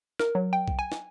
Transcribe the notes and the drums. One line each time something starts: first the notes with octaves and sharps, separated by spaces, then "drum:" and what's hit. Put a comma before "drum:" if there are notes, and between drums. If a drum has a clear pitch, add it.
A#4, drum: snare
F#3
G5
drum: kick B1
G#5
drum: snare